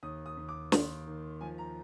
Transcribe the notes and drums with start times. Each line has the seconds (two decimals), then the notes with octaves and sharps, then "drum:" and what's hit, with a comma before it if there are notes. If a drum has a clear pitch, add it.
0.03 D#2 D#6
0.26 D#6
0.37 D#2
0.49 D6
0.72 D#2 C6, drum: snare
1.06 D#3
1.41 F3 G#5
1.58 A#5